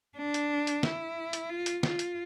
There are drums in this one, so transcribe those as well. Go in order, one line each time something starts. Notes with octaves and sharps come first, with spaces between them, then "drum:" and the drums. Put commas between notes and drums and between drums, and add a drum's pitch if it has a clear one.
D4
drum: hi-hat
drum: hi-hat
E4, drum: snare
drum: hi-hat
F4
drum: hi-hat
F4, drum: snare
drum: hi-hat